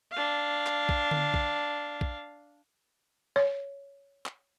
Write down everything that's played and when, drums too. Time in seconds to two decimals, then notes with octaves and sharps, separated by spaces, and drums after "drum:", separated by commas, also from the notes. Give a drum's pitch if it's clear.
0.12 D4 F5
0.66 drum: clap
0.89 drum: kick A#1
1.11 drum: tom D3
1.34 drum: kick A#1
2.01 drum: kick A#1
3.36 C#5
4.26 drum: clap